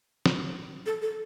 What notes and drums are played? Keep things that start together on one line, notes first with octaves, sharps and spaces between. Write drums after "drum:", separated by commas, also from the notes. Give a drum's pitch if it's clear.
drum: snare
A4
A4